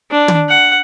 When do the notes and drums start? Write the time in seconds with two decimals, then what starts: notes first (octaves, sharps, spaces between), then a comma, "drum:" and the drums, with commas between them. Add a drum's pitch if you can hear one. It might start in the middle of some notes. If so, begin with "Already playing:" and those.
0.11 D4
0.28 drum: tom
0.49 F#5